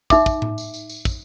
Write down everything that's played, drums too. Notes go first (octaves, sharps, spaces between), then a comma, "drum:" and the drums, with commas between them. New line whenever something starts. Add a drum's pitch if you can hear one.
D#4 E5 D6, drum: kick, tambourine
drum: kick, tambourine
drum: tom A2
drum: tambourine
drum: tambourine
drum: tambourine
drum: kick, tambourine